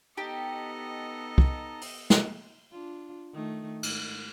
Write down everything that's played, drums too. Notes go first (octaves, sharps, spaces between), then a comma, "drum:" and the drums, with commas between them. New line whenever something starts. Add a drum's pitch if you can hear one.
B3 D#4 G4 A4 D#5 A5 A#5
drum: kick
drum: open hi-hat
drum: snare
D4 F4
D#3 A3
G#2, drum: cymbal